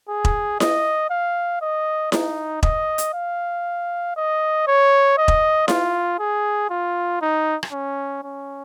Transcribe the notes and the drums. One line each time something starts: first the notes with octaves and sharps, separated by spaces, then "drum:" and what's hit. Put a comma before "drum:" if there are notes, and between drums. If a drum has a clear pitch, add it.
G#4
drum: kick E1
D#5, drum: snare E4
F5
D#5
D#4, drum: snare E4
D#5, drum: kick E1
drum: hi-hat
F5
D#5
C#5
D#5
drum: kick E1
F4, drum: snare E4
G#4
F4
D#4
drum: rim click
C#4
C#4